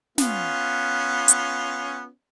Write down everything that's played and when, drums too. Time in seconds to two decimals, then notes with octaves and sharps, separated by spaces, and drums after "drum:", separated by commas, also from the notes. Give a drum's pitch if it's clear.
0.18 B3 C#4 F4, drum: snare
1.28 drum: hi-hat